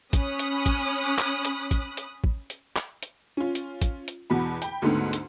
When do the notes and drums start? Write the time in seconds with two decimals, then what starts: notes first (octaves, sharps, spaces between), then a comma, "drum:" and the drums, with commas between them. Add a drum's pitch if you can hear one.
0.13 C#4 B5 D#6 F#6, drum: kick, hi-hat
0.39 drum: hi-hat
0.66 drum: kick, hi-hat
1.18 drum: clap
1.45 drum: hi-hat
1.71 drum: kick, hi-hat
1.97 drum: hi-hat
2.24 drum: kick
2.50 drum: hi-hat
2.76 drum: clap
3.03 drum: hi-hat
3.37 C#4 F4
3.55 drum: hi-hat
3.82 drum: kick, hi-hat
4.08 drum: hi-hat
4.30 E2 B2 F#4 B5
4.62 G5 B5, drum: hi-hat
4.82 D2 G#2 D3 A3 B3
5.13 drum: hi-hat